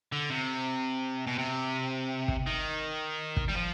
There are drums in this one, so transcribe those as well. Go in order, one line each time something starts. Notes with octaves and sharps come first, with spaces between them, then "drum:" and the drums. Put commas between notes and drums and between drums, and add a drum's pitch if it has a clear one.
D3
C3
B2
C3
drum: kick
D#3
drum: kick
G3
F3